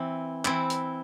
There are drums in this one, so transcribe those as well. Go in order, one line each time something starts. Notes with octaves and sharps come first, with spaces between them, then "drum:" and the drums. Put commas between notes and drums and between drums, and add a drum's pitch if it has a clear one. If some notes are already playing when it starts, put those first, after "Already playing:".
Already playing: E3 C4 E4
E3 C4 E4, drum: clap
drum: hi-hat